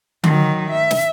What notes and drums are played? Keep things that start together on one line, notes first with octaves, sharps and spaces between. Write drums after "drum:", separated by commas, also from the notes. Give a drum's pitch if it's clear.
D#3 F#3, drum: tom D3
E5
drum: snare